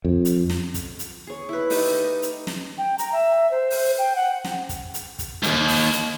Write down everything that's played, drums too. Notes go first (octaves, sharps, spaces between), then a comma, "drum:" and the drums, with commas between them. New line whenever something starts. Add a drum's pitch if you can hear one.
F2
drum: hi-hat
drum: snare
drum: kick, hi-hat
drum: hi-hat
G#4 C#5
E4 B4
A3 D#4 G4, drum: open hi-hat
D#5
drum: hi-hat
drum: snare
G5
A#5, drum: hi-hat
E5
C5
drum: open hi-hat
G5
F#5
drum: snare
drum: kick, hi-hat
drum: hi-hat
drum: kick, hi-hat
D#2 G#2, drum: hi-hat
drum: open hi-hat
drum: hi-hat